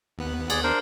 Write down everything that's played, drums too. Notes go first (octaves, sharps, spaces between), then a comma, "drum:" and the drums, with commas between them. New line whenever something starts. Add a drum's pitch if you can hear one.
D#2 B3 F#6
G#4 D5, drum: cymbal
D4 A#4 C5